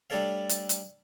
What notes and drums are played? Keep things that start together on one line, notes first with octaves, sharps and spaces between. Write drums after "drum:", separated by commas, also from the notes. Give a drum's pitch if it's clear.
G3 A3 D4 A4 C#5 F5
drum: hi-hat
drum: hi-hat